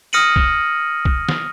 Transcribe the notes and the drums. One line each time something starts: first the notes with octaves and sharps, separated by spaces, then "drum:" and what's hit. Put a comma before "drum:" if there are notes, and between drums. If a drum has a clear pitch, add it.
D#6 F6 A#6 C#7 D#7 F#7
drum: kick
drum: kick
drum: snare